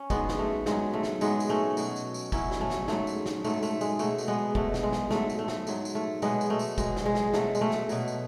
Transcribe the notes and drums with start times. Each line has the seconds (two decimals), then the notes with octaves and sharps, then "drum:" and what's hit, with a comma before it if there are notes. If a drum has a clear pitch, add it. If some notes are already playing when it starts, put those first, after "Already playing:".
Already playing: C#4
0.10 G#2 F#3 G#3 B3, drum: kick, tambourine
0.29 drum: snare
0.39 A3
0.66 G#2 F#3 G#3, drum: snare
0.94 A3
1.03 drum: snare
1.21 G#2 F#3 G#3 B3, drum: tambourine
1.40 drum: tambourine
1.49 A3 C#4
1.77 B2 F#3, drum: tambourine
1.96 drum: tambourine
2.14 drum: tambourine
2.32 B2 F#3 C#4 E4, drum: kick, tambourine
2.51 drum: snare
2.61 A3 C#4
2.70 drum: snare
2.88 G#2 F#3 A3, drum: snare
3.07 drum: tambourine
3.26 drum: snare
3.44 G#2 F#3 A3, drum: tambourine
3.63 A3, drum: tambourine
3.81 G#3, drum: tambourine
3.99 B2 F#3 A3, drum: tambourine
4.18 drum: tambourine
4.28 G#3 B3
4.55 B2 F#3 A3, drum: kick
4.74 drum: snare
4.83 G#3
4.93 drum: snare
5.10 G#2 F#3 A3, drum: snare
5.30 drum: tambourine
5.39 A3
5.48 drum: snare
5.67 G#2 F#3, drum: tambourine
5.85 drum: tambourine
5.95 A3
6.22 B2 F#3 G#3 B3, drum: tambourine
6.41 drum: tambourine
6.50 A3
6.59 drum: tambourine
6.78 B2 F#3 G#3, drum: kick, tambourine
6.96 drum: snare
7.06 G#3
7.15 drum: snare
7.33 B2 F#3 A3, drum: snare
7.55 G#3, drum: tambourine
7.61 A3
7.71 drum: snare
7.89 B2 F#3, drum: tambourine
8.08 drum: tambourine